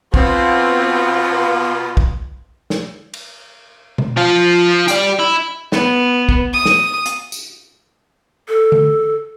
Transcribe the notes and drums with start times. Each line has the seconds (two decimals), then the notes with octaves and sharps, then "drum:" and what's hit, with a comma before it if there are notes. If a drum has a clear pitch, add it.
0.14 B2 B3 C4 F4, drum: kick
1.97 drum: kick
2.70 drum: snare
3.13 drum: cymbal
3.98 drum: tom B2
4.17 F3 F4
4.88 G4 D5, drum: hi-hat
5.20 E4
5.72 B3, drum: snare
6.29 drum: kick
6.53 D#6
6.65 drum: snare
7.05 drum: hi-hat
7.32 drum: tambourine
8.49 A4
8.72 drum: tom D3